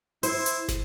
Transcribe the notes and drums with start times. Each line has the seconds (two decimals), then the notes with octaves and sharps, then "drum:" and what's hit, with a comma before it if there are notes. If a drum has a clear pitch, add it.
0.23 E4 C5, drum: open hi-hat
0.46 drum: hi-hat
0.69 drum: snare